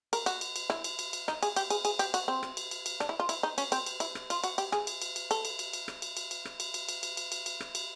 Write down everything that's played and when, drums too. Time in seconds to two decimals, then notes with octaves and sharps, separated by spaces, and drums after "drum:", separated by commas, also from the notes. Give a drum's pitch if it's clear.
0.13 A#4, drum: cymbal
0.26 F#4, drum: cymbal
0.41 drum: cymbal
0.56 drum: cymbal
0.70 E4, drum: rim click
0.84 drum: cymbal
0.99 drum: cymbal
1.13 drum: cymbal
1.28 D#4, drum: rim click
1.43 G#4, drum: cymbal
1.56 G4, drum: cymbal
1.70 G#4, drum: cymbal
1.85 G#4, drum: cymbal
1.99 G4, drum: cymbal
2.14 F#4, drum: cymbal
2.28 C4
2.43 drum: rim click
2.57 drum: cymbal
2.71 drum: cymbal
2.86 drum: cymbal
3.00 D4, drum: rim click
3.09 E4
3.20 F4
3.29 E4, drum: cymbal
3.43 D#4
3.58 C#4, drum: cymbal
3.72 C4, drum: cymbal
3.86 drum: cymbal
4.00 E4, drum: cymbal
4.15 drum: rim click
4.30 F4, drum: cymbal
4.44 F#4, drum: cymbal
4.58 G4, drum: cymbal
4.72 G#4, drum: rim click
4.87 drum: cymbal
5.02 drum: cymbal
5.16 drum: cymbal
5.31 A4, drum: cymbal
5.45 drum: cymbal
5.59 drum: cymbal
5.73 drum: cymbal
5.88 drum: rim click
6.02 drum: cymbal
6.17 drum: cymbal
6.31 drum: cymbal
6.45 drum: rim click
6.60 drum: cymbal
6.74 drum: cymbal
6.89 drum: cymbal
7.03 drum: cymbal
7.17 drum: cymbal
7.32 drum: cymbal
7.46 drum: cymbal
7.60 drum: rim click
7.75 drum: cymbal